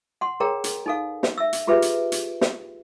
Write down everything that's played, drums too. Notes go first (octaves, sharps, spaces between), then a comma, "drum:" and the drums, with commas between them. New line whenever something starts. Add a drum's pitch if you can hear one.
F#5 C6
G#4 A#4 C#5 G5 A#5
drum: hi-hat
D#4 A4 F5
drum: snare
E5 E6
drum: hi-hat
F4 G4 G#4 B4 E5
drum: hi-hat
drum: hi-hat
drum: snare